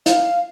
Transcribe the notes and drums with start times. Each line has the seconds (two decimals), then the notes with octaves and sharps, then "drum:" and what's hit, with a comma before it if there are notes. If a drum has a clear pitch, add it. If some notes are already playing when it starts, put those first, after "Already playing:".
0.06 F5, drum: hi-hat